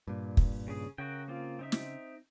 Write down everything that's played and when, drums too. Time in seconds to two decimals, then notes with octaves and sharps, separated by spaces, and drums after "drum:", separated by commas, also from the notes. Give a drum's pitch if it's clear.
0.07 G2 A#2
0.37 drum: kick
0.68 C#3 G#4
0.98 C#3 F#4 A#4 G5
1.28 A#3 C4 F4
1.59 C4 D#4 E5
1.72 drum: snare